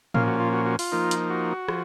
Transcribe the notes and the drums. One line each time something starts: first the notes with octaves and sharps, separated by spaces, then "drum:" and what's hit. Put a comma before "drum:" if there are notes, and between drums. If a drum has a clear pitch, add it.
A#2 F3 A#3 C#4 F5, drum: tom A2
F#4
F4
F#4
F#4
F4, drum: open hi-hat
F3 A#3 D#4
drum: hi-hat
F#4
F3, drum: rim click